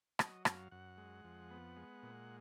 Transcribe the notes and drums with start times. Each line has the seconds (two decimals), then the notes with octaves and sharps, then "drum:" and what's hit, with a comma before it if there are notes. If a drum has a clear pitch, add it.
0.19 F#3 D#5, drum: rim click
0.45 F#2 F5, drum: rim click
0.71 F#2 F#5
0.98 G#3
1.24 F2
1.51 B3
1.77 G#3
2.03 A#2